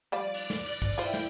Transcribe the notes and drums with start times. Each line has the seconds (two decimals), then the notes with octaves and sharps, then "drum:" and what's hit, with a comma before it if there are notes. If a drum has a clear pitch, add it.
0.12 F3 G3 F4 D5
0.34 drum: cymbal
0.50 drum: snare
0.66 drum: cymbal
0.82 drum: kick, cymbal
0.98 E4 F4 C5 G5, drum: cymbal
1.14 drum: snare